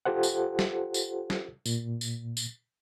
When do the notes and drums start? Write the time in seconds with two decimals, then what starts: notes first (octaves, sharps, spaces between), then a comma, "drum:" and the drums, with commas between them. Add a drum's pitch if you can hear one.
0.05 F4 G4 A4 C5 F#5
0.23 drum: tambourine
0.59 drum: snare
0.94 drum: tambourine
1.30 drum: snare
1.66 A#2, drum: tambourine
2.01 drum: tambourine
2.37 drum: tambourine